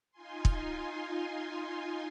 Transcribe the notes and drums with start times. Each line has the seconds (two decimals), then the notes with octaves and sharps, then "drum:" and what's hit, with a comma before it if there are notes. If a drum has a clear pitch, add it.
0.12 D#4 F4 G#5 C6
0.45 drum: kick